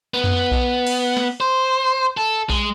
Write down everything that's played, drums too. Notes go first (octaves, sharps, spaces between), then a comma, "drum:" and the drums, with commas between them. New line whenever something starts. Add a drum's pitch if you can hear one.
B3
drum: tom F2
drum: kick A#1
drum: cymbal
drum: snare
C5
A4
G#3, drum: kick A#1